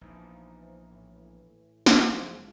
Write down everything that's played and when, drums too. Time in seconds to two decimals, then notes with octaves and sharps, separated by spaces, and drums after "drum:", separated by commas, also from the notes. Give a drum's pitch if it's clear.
0.01 A#1 E2 E3 F3 D#4
0.91 A2 E3
1.86 drum: snare
2.09 F#1 E3 F3 G#3